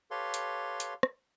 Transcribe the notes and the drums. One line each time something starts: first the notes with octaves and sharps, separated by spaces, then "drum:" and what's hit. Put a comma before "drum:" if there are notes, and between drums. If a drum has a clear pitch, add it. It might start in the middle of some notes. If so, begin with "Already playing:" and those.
G4 A4 B4 C#5 F5 C6
drum: hi-hat
drum: hi-hat
drum: rim click